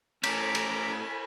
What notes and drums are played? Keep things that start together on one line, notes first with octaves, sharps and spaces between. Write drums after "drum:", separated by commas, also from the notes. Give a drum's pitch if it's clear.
A2 C#4 A4 G#5 A#5 D6 B6, drum: cymbal
drum: cymbal